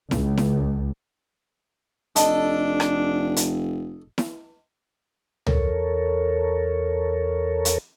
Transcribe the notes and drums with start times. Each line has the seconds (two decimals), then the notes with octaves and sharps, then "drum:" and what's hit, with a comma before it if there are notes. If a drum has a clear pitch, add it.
0.11 C#2, drum: snare E4
0.37 drum: snare E4
2.16 F1 D4 A4 D#5 A5, drum: hi-hat
2.80 drum: rim click
3.36 drum: hi-hat
4.18 drum: snare E4
5.47 E2 A4 A#4 C#5, drum: tom C#2
7.65 drum: hi-hat